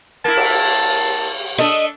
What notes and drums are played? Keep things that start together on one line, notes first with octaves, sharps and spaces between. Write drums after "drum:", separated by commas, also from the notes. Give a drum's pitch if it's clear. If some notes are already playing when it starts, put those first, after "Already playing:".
A#3 E4 A5
drum: cymbal
A3 D4 A4 D#5